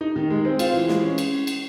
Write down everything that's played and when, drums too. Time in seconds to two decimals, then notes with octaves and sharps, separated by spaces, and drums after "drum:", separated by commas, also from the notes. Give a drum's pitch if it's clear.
0.01 D#4
0.16 D#3
0.30 G#3
0.45 C4
0.59 F4, drum: cymbal
0.74 E3
0.88 G#3, drum: snare
1.03 C#4
1.18 drum: cymbal
1.47 drum: cymbal